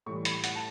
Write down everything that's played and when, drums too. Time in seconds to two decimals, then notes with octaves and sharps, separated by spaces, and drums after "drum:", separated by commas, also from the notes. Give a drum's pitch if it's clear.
0.06 A2 E3 G3 C#6
0.25 B5, drum: hi-hat
0.44 F#5, drum: hi-hat
0.55 A5